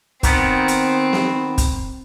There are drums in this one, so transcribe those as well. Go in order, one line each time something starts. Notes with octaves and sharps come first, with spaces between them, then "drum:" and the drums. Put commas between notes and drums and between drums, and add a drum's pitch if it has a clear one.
D#3 B3 C4, drum: kick, hi-hat
drum: hi-hat
drum: snare
drum: kick, hi-hat